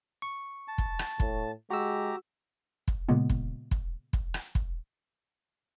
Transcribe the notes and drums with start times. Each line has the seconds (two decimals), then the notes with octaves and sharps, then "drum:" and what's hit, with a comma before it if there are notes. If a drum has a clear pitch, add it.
0.22 C#6
0.68 A5
0.78 drum: kick
0.99 drum: rim click
1.20 A2, drum: kick
1.70 G#3 F#4 G4 A#5 E6
2.88 drum: kick
3.09 A#2 C#3 G#3 A#3 B3
3.29 drum: kick
3.71 drum: kick
4.13 drum: kick
4.34 drum: rim click
4.55 drum: kick